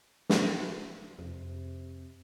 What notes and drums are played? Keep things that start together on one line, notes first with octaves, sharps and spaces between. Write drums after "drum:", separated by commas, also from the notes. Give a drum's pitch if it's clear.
drum: snare
F2 C3